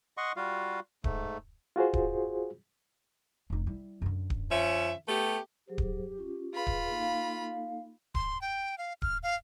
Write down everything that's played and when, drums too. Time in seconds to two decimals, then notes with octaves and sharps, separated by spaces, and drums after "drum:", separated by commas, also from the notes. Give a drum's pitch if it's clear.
0.17 D#5 F#5 C6 C#6
0.36 G3 F4 F#4 F5
1.04 G#2 A3, drum: kick D1
1.76 F4 F#4 G#4 C5
1.93 drum: kick D1
3.50 F1 D#4
3.67 G3 E4
4.02 F#2 D3
4.30 drum: kick D1
4.52 F3 C#4 E5
5.08 A3 B3 G4
5.68 F#3 G4 G#4 C5
5.78 drum: kick D1
6.18 C#4 F4
6.54 F4 G#4 B4 B5
6.67 drum: kick D1
6.91 A#3 D#4 A4 F5
8.15 C6, drum: kick D1
8.41 G5
8.78 F5
9.02 F6, drum: kick D1
9.23 F5